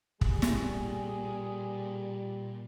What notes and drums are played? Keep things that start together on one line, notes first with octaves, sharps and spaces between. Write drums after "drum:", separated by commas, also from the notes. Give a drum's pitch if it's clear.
A#2 G3 G#4, drum: kick
drum: snare